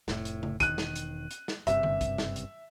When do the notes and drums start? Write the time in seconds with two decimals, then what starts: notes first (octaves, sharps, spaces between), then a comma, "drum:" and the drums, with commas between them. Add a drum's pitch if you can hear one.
0.08 F1 A2, drum: snare
0.25 drum: hi-hat
0.43 drum: tom C#3
0.60 E1 D#3 F#6 D#7, drum: kick, hi-hat
0.78 drum: snare
0.96 drum: hi-hat
1.31 drum: hi-hat
1.48 drum: snare
1.67 F#1 G2 C3 E5, drum: hi-hat
1.83 drum: tom D3
2.01 drum: kick, hi-hat
2.18 drum: snare
2.36 drum: hi-hat